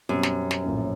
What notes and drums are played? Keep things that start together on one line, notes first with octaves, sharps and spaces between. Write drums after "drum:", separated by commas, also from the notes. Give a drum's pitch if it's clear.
F#2 B2 G3 C4
drum: snare
drum: snare
A#1 A2 F3 A#3 C#4